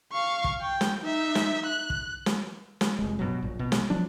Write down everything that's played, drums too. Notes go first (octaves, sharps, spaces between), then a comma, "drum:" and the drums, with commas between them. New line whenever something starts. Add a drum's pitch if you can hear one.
F5 C#6
drum: kick
G5
drum: snare
D#4 E5
drum: snare
F#6
drum: kick
drum: snare
drum: snare
F1 G#3
G2 B2 F#3
A#1
B2
drum: snare
F3 F#3 D4